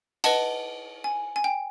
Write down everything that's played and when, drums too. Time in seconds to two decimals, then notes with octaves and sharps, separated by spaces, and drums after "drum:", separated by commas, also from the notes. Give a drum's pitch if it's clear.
0.24 B4 D#5 F#5 A5, drum: cymbal
1.04 G#5
1.36 G#5
1.44 G5